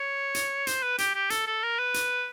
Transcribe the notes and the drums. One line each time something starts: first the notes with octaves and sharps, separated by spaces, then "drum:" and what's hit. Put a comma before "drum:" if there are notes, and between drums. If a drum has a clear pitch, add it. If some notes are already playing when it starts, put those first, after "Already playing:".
Already playing: C#5
drum: hi-hat
C5, drum: hi-hat
B4
G4, drum: hi-hat
G4
A4, drum: hi-hat
A4
A#4
B4
drum: hi-hat